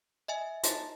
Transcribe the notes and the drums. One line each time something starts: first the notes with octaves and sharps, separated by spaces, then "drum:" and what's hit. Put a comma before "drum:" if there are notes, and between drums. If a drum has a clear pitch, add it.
D#5 E5 G#5
D#4 C5 A5, drum: hi-hat